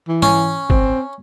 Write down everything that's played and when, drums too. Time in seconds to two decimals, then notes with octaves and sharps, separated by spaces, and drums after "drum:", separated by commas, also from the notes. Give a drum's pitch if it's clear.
0.08 E3
0.22 C#4, drum: tom G#2
0.70 C4, drum: kick G1